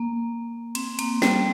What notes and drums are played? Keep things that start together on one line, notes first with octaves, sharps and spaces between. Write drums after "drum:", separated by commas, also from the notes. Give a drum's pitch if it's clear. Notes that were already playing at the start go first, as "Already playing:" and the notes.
Already playing: A#3
C4, drum: cymbal
A#3, drum: cymbal
G3, drum: snare